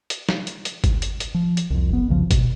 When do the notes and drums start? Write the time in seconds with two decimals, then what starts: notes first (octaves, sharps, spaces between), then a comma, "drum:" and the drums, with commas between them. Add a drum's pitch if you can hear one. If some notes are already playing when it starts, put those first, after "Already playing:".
0.10 drum: hi-hat
0.29 drum: snare
0.47 drum: hi-hat
0.65 drum: hi-hat
0.84 drum: kick, hi-hat
1.02 drum: hi-hat
1.20 drum: hi-hat
1.34 F3
1.57 drum: hi-hat
1.70 C2 F2
1.89 F#1 B3
2.08 B1 E2 C#3 F3
2.31 B2, drum: kick, hi-hat